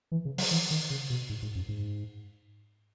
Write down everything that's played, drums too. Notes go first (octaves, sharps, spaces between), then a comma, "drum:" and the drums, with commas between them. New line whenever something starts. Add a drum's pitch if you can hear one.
E3
C#3
F#3, drum: open hi-hat
E3
D#3
C#3
B2
G#2
G#2
F#2
G#2